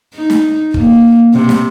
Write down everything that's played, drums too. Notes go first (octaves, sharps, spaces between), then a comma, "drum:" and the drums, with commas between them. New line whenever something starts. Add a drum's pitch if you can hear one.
D#4
drum: snare
A#3, drum: kick
C3
drum: snare